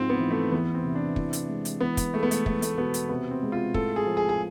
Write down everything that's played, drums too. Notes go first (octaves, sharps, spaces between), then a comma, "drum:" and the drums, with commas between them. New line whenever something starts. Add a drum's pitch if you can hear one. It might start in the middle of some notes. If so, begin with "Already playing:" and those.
Already playing: G#2 F3 C4
B3
E3
A3
E2 B3
C4
C3
D4
E3, drum: kick
drum: hi-hat
G#3
drum: hi-hat
E3 B3
drum: kick, hi-hat
G#3 A3
B3
A3, drum: hi-hat
E2 A3, drum: kick
A3, drum: hi-hat
B2 B3
drum: hi-hat
C3 B3
C4
G#3
F4
A2 A4, drum: kick
G#4
F3
G#4
G#4